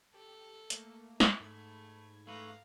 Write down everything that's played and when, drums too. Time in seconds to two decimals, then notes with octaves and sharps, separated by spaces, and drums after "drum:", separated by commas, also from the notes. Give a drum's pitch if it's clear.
0.14 G4 A4
0.70 A3 A#3, drum: hi-hat
1.20 drum: snare
1.40 G#2 A3 B5 G#6
2.27 A3 B4 F5 A#5